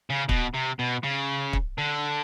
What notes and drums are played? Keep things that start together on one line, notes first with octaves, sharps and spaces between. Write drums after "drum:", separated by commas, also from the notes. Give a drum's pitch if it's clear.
C#3
B2, drum: kick
C3
B2
C#3
drum: kick
D3